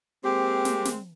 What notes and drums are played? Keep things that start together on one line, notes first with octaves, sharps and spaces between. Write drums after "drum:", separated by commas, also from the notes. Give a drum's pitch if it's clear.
G#3 A#3 C4 G4
drum: snare
drum: snare